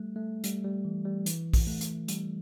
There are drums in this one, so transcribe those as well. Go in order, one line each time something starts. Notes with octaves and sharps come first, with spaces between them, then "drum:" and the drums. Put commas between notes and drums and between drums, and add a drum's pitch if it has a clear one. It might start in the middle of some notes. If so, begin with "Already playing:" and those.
Already playing: G3 A3
A3
G3, drum: hi-hat
G3
E3
G3
E3, drum: hi-hat
drum: kick A#1, open hi-hat
A3
drum: hi-hat
G3, drum: hi-hat